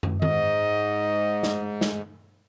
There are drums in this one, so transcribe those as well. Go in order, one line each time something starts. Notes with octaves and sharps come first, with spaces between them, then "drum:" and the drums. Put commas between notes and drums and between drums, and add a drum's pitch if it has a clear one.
drum: tom
G#2 D#5, drum: tom D#3
drum: snare
drum: snare